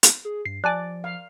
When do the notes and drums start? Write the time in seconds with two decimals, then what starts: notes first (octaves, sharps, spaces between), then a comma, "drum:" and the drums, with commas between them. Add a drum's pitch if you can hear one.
0.03 drum: hi-hat
0.25 G#4
0.45 G2 C7
0.64 F3 D5 G#5 A5 F#6
1.04 F5